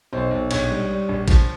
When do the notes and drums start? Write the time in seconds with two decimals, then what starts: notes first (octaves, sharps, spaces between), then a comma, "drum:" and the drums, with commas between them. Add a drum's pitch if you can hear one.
0.13 B1 C5
0.31 B1
0.51 A#1 C#5, drum: cymbal
0.70 G3
0.89 G3
1.09 A#1
1.28 F3, drum: kick, cymbal